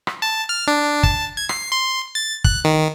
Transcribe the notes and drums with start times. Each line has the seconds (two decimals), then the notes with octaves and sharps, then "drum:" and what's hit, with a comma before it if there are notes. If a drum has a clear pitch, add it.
0.07 drum: rim click
0.22 A5
0.49 F6
0.67 D4
1.03 A5, drum: kick
1.37 G#6
1.49 C7, drum: rim click
1.72 C6
2.15 A6
2.44 F#6, drum: kick
2.64 D#3